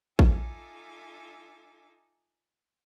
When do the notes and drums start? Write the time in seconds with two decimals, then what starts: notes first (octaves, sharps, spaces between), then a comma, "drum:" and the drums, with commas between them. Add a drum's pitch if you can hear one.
0.19 D#4 F4 A4 E5 G#5 D6, drum: kick